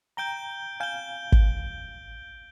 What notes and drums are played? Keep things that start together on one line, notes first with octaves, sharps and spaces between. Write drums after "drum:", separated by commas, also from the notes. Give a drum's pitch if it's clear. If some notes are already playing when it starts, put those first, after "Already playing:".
G5 A#5 G6 D7 G7
F5 G#5 G6 D7 G7
drum: kick